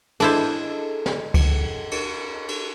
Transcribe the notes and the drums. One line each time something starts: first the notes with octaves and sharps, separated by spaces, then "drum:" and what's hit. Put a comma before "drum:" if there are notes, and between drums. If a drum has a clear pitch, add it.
D4 E4 G#4 A4 C5 D#5, drum: cymbal
drum: snare
drum: kick C#2, cymbal
drum: cymbal
drum: cymbal